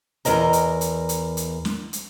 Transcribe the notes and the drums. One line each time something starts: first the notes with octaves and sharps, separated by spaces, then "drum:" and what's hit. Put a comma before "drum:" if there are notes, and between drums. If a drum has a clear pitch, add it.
E2 A#4 D#5 A#5, drum: hi-hat
drum: hi-hat
drum: hi-hat
drum: hi-hat
drum: hi-hat
drum: snare
drum: hi-hat